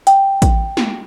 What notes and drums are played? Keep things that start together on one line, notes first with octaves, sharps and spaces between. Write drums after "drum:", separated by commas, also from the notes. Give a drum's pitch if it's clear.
G5, drum: hi-hat
drum: kick A1, hi-hat
drum: snare